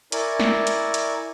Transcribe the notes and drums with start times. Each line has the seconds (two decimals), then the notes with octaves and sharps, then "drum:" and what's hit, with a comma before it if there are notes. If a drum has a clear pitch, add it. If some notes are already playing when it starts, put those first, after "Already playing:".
0.12 E4 A#4 D5 G#5 C#6, drum: hi-hat
0.40 drum: snare
0.67 drum: hi-hat
0.94 drum: hi-hat